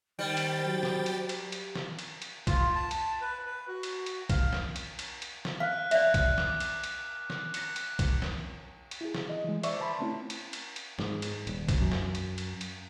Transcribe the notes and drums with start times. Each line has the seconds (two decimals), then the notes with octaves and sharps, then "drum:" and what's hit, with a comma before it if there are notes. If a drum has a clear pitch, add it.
0.19 D#3 G3 C5 G5 A6
0.37 drum: cymbal
0.66 F#3
0.83 drum: snare
1.06 drum: cymbal
1.29 drum: cymbal
1.52 drum: cymbal
1.75 drum: snare
1.99 drum: cymbal
2.22 drum: cymbal
2.47 F4, drum: kick, cymbal
2.75 A5
2.91 drum: cymbal
3.21 B4
3.46 B4
3.68 F#4
3.83 drum: cymbal
4.06 drum: cymbal
4.30 F5, drum: kick, cymbal
4.53 drum: snare
4.76 drum: cymbal
4.99 drum: cymbal
5.22 drum: cymbal
5.45 drum: snare
5.60 F5 F6 F#6
5.91 D5 E5 F#6, drum: cymbal
6.14 drum: kick, cymbal
6.38 D6, drum: snare
6.60 drum: cymbal
6.84 drum: cymbal
7.30 drum: snare
7.54 A#6 C#7, drum: cymbal
7.76 drum: cymbal
7.99 drum: kick, cymbal
8.22 drum: snare
8.91 drum: cymbal
9.01 E4 G#4
9.14 drum: snare
9.29 D#5
9.44 E3 G#3
9.63 C5 D5 E5 C#6 D6, drum: cymbal
9.80 B4 A5 B5 C6
10.00 A3 C4 C#4 E4
10.30 drum: cymbal
10.53 drum: cymbal
10.76 drum: cymbal
10.99 G#2, drum: snare
11.22 drum: cymbal
11.47 D#1, drum: cymbal
11.69 drum: kick, cymbal
11.80 F#2
11.92 drum: snare
12.15 drum: cymbal
12.38 drum: cymbal
12.61 drum: cymbal